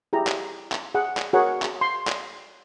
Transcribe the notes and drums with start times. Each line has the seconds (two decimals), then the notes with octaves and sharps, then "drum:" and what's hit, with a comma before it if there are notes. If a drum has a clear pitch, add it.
0.13 E4 G4 G#4 A#5
0.27 drum: clap
0.72 drum: clap
0.95 G#4 F#5
1.17 drum: clap
1.33 F#4 G#4 A#4 C#5 F#5
1.62 drum: clap
1.81 C6
2.07 drum: clap